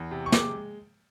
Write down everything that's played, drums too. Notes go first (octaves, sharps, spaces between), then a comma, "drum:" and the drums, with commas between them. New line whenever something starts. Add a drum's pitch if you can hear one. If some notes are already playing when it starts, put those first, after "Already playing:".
Already playing: E2
C3
C#6
G#3 D6, drum: snare